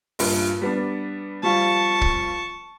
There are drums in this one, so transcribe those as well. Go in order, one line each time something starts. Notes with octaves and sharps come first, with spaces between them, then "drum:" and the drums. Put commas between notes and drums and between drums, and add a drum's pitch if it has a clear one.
A#1 G2 A#2, drum: open hi-hat
G3 B3 D4
F3 G3 F4 A5 C#6
drum: kick